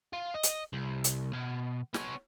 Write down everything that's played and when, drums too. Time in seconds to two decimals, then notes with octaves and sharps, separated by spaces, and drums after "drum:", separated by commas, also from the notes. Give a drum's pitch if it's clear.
0.13 F4
0.34 D#5
0.43 drum: hi-hat
0.73 C2
1.04 drum: hi-hat
1.33 B2
1.94 B3 C#5, drum: snare